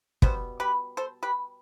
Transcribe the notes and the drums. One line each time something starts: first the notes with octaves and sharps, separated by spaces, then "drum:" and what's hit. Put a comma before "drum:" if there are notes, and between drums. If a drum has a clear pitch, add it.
B2 G3 B3 C5, drum: kick
G4 B4
A4 C5
G4 B4